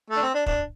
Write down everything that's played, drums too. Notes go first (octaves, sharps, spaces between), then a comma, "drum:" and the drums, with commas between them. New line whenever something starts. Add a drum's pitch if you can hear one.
A3
D4
C4
D4
D4, drum: kick